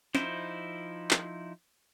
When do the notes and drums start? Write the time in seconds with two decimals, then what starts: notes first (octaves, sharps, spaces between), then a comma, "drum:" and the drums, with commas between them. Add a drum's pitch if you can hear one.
0.15 F3 D#4 E4 C5, drum: snare
1.11 drum: clap